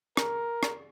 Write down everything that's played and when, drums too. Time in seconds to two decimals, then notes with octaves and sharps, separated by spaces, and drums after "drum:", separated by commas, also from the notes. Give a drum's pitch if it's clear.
0.17 A#4, drum: rim click
0.63 drum: rim click